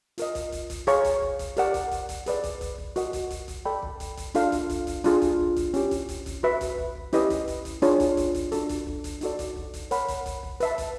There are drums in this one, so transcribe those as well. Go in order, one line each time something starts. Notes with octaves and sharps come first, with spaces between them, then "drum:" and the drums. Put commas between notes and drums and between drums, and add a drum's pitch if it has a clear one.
F4 A#4 D#5, drum: hi-hat
drum: kick, hi-hat
drum: kick, hi-hat
drum: kick, hi-hat
G#4 C#5 F5 A#5 C#6, drum: hi-hat
drum: kick, hi-hat
drum: kick
drum: kick, hi-hat
G4 A#4 D5 F#5, drum: hi-hat
drum: kick, hi-hat
drum: kick, hi-hat
drum: kick, hi-hat
G#4 B4 D5, drum: hi-hat
drum: kick, hi-hat
drum: kick, hi-hat
drum: kick
F#4 A#4 D#5 F#5, drum: hi-hat
drum: kick, hi-hat
drum: kick, hi-hat
drum: kick, hi-hat
A4 D5 G5 B5
drum: kick
drum: kick, hi-hat
drum: kick, hi-hat
D4 F4 A4 D5 F5, drum: hi-hat
drum: kick, hi-hat
drum: kick, hi-hat
drum: kick, hi-hat
D4 F4 G#4, drum: hi-hat
drum: kick, hi-hat
drum: kick
drum: kick, hi-hat
C#4 E4 G4, drum: hi-hat
drum: kick, hi-hat
drum: kick, hi-hat
drum: kick, hi-hat
F#4 B4 E5
drum: kick, hi-hat
drum: kick
drum: kick
C#4 E4 G4 B4 D#5, drum: hi-hat
drum: kick, hi-hat
drum: kick, hi-hat
drum: kick, hi-hat
D4 F4 G#4 C#5, drum: hi-hat
drum: kick, hi-hat
drum: kick, hi-hat
drum: kick, hi-hat
D4 F#4 A4, drum: hi-hat
drum: kick, hi-hat
drum: kick
drum: kick, hi-hat
D#4 F#4 A4 D5, drum: hi-hat
drum: kick, hi-hat
drum: kick
drum: kick, hi-hat
A#4 C#5 F#5 B5, drum: hi-hat
drum: kick, hi-hat
drum: kick, hi-hat
drum: kick
B4 E5 A5, drum: hi-hat
drum: kick, hi-hat